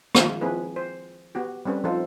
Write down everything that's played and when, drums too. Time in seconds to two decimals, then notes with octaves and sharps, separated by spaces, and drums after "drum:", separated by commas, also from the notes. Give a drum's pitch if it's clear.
0.15 D#3 F3 G#3 F4, drum: rim click
0.41 F3 A#3 C4 E4 G#4 B4
0.76 C5
1.35 B3 F#4 G4
1.65 G3 C4 C#4 A4 B4
1.84 F3 C4 D#4 F4 A4 C5